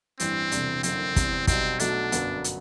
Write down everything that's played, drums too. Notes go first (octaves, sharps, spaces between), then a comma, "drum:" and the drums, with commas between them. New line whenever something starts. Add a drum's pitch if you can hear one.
A1 G2 E3 G3 C4, drum: hi-hat
E1 E2 C3 G3 D4, drum: hi-hat
F#1 F#2 D3 C4, drum: hi-hat
E2 C3 G3, drum: kick, hi-hat
B1 B2 G3 C4, drum: kick, hi-hat
B1 B2 F#3 A3 D4, drum: hi-hat
G1 F#2 F#3 B3, drum: hi-hat
drum: hi-hat